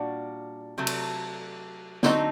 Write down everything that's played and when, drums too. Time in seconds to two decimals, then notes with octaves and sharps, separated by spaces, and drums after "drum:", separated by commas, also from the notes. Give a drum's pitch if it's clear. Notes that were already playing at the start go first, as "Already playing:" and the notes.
Already playing: A#2 G3 D4 F#4
0.78 C3 F#3 A3
0.87 drum: cymbal
2.03 D3 F#3 A3 C4 D#4, drum: snare